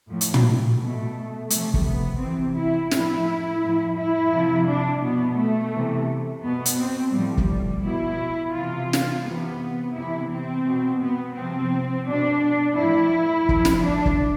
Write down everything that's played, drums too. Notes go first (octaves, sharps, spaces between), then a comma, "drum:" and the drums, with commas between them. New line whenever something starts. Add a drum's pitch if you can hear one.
A2 F3
drum: hi-hat
drum: tom
B2 A3
C3 F3 A3, drum: hi-hat
drum: kick
B3
C3 E3 C4
E4
A2 F3 E4, drum: snare
A2 F3
E4
C3 F3
D4
B2 B3
A3
C3 E3
B2 B3
drum: hi-hat
C4
A2 F3 G3
drum: kick
B2 E4
C3 E3 F4
drum: snare
C3 E3 B3
C3 E3 E4
C4
B2
B3
C3 F3 C4
B2 D4
A2 F3 E4
A2 F3, drum: kick
drum: snare
D4
drum: kick